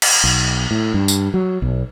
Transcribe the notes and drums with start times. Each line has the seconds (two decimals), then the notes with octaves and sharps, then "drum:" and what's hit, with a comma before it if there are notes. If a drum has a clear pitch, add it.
0.02 drum: cymbal
0.24 B1
0.71 A2
0.94 G2
1.08 drum: tambourine
1.34 F#3
1.62 B1